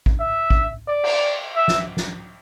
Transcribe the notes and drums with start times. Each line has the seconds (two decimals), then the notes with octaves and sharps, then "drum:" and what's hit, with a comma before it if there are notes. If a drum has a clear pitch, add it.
0.06 drum: kick A1
0.20 E5
0.50 drum: kick A1
0.88 D5
1.03 drum: cymbal
1.56 E5
1.68 drum: snare
1.97 drum: snare